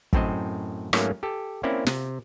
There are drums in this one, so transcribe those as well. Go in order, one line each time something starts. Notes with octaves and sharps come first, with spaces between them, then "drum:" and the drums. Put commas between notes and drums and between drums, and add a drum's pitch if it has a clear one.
F#2 A2 C4 C5 D#5, drum: kick
G#2 F#3 A3 A#3 C#4, drum: rim click
G4 A4
A#3 C4 C#4 E4 D5
C3, drum: snare